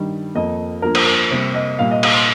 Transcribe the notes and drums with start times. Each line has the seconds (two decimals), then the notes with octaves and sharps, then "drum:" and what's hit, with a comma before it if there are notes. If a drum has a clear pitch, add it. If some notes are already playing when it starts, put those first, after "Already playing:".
Already playing: G2 D#3 G3
0.35 F2 F3 A#3 D#5
0.82 G2 F3 A#3 A#4
0.95 C5, drum: cymbal
1.06 A#4
1.31 C3 G3 A#3 C5
1.54 D#5
1.79 A#2 G3 A#3 F5
1.91 D#5
2.03 F5, drum: cymbal
2.15 C6